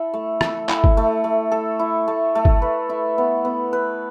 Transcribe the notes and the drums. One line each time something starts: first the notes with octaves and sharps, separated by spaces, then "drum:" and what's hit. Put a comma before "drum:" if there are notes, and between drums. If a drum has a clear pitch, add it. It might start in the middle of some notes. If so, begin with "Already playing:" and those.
Already playing: E4 A4
A3
A4, drum: rim click
E4, drum: clap
drum: kick G1
A3
A3
A4
E4
A3
A3
drum: kick G1
B4
E4
B3
B3
B4